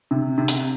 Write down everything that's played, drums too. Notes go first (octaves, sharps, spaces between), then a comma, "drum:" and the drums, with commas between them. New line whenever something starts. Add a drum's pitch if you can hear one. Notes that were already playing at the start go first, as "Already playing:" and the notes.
C3
C3
drum: hi-hat